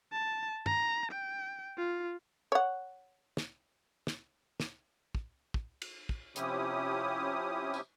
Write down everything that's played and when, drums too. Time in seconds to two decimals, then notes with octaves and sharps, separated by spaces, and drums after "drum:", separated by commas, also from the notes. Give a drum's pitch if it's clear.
0.12 A5
0.66 A#5, drum: tom
1.12 G5
1.78 F4
2.52 C#5 F#5
3.37 drum: snare
4.07 drum: snare
4.60 drum: snare
5.15 drum: kick
5.54 drum: kick
5.82 drum: cymbal
6.09 drum: kick
6.36 C3 F3 C#4 E4 G4 D#6, drum: hi-hat
7.74 drum: tambourine